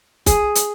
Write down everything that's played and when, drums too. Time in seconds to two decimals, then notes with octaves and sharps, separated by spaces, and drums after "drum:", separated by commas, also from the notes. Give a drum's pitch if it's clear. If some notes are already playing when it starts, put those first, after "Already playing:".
0.26 G#4, drum: kick, hi-hat
0.55 drum: hi-hat